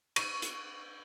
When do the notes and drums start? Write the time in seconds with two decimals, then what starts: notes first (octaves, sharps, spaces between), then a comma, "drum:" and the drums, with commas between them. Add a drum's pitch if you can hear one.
0.16 C#6 D#7, drum: cymbal
0.42 drum: hi-hat